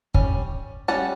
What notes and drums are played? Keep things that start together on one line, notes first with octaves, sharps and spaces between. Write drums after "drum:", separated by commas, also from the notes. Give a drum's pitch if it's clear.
G3 C#4, drum: kick
G3 C#4 F#5 A5